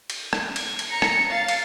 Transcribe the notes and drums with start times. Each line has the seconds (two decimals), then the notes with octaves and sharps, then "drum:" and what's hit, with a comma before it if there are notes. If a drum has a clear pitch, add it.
0.10 drum: cymbal
0.33 drum: rim click
0.56 G#6, drum: cymbal
0.79 drum: cymbal
0.90 A#5 C#7
1.02 drum: rim click
1.29 F5 A6
1.48 drum: cymbal